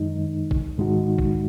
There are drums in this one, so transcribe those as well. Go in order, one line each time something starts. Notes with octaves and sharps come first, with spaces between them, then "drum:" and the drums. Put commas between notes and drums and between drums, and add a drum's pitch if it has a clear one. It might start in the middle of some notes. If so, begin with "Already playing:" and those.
Already playing: F#2 D#3 G#3 D#4
drum: kick
G#2 D#3 G#3 D#4 F#4
drum: kick